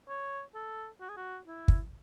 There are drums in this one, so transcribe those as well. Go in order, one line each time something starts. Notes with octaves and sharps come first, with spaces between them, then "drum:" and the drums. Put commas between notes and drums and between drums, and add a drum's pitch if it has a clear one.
C#5
A4
F#4
G#4
F#4
E4
drum: kick